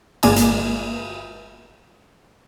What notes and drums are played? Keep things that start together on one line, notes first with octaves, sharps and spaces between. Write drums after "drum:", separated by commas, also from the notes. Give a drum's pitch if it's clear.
G1 G#3 A#3 D5 G#5, drum: cymbal
drum: hi-hat